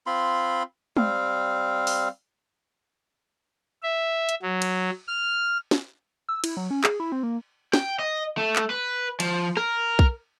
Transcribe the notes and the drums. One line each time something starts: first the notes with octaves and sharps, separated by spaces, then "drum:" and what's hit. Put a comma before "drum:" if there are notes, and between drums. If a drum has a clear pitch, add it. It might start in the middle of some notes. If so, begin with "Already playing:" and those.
C4 F4 B5 C6
G3 C4 F5, drum: tom
drum: open hi-hat
E5
drum: hi-hat
F#3
drum: cymbal
F6
drum: snare
E6
E4, drum: cymbal
F#3
C#4
G#4, drum: clap
E4
C4
A#3
G5, drum: snare
D#5
A3
drum: clap
B4
F3, drum: cymbal
A#4, drum: rim click
drum: kick B1